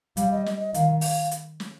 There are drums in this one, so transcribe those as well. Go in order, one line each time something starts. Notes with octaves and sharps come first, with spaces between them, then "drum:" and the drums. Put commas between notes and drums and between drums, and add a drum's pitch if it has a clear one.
G3 F5, drum: hi-hat
D#5
D#5, drum: snare
D#5
D#3 F5, drum: hi-hat
F5, drum: open hi-hat
drum: hi-hat
drum: snare